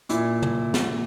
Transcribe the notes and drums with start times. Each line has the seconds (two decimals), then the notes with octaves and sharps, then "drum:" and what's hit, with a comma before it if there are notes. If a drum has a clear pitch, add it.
0.09 A#2 E4 E5, drum: hi-hat
0.42 drum: tom
0.74 drum: snare